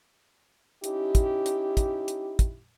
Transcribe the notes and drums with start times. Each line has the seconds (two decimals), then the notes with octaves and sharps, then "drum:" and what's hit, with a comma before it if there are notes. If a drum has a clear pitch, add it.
0.84 C#4 D#4 E4 G4, drum: hi-hat
1.15 drum: kick, hi-hat
1.46 drum: hi-hat
1.77 drum: kick, hi-hat
2.08 drum: hi-hat
2.39 drum: kick, hi-hat